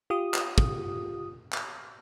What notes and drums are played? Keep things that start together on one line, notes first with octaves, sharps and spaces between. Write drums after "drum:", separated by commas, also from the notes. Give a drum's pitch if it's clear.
F4 G4 D#6
drum: clap
drum: kick
drum: clap